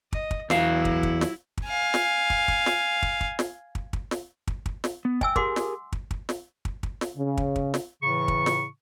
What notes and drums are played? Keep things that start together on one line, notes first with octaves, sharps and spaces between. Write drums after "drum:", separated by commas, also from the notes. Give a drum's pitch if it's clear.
D#5, drum: kick
drum: kick
E2 F#3 E4 F5, drum: snare
drum: kick
drum: kick
drum: snare
drum: kick
F5 G#5
drum: snare
drum: kick
drum: kick
drum: snare
drum: kick
drum: kick
drum: snare
drum: kick
drum: kick
drum: snare
drum: kick
drum: kick
drum: snare
B3
E5 G5 G#5 E6, drum: kick
G4 G#4 A#4 F#5 C6 D6, drum: kick
drum: snare
drum: kick
drum: kick
drum: snare
drum: kick
drum: kick
drum: snare
C#3
drum: kick
drum: kick
drum: snare
A2 C#3 E3 C#6
drum: kick
drum: snare